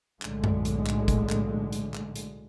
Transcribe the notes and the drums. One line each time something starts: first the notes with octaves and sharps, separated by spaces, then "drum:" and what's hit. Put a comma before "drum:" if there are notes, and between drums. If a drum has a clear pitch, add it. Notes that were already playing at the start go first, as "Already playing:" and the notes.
B1 A2 D3 G#3, drum: clap
drum: tom F#2
drum: hi-hat
drum: clap
drum: kick G1, hi-hat
drum: clap
drum: hi-hat
drum: clap
drum: hi-hat